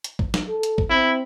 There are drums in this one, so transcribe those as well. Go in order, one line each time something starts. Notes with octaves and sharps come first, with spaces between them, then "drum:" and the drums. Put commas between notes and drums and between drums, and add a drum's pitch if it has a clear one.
drum: hi-hat
drum: kick
drum: snare
A4
drum: hi-hat
drum: kick
C4 E4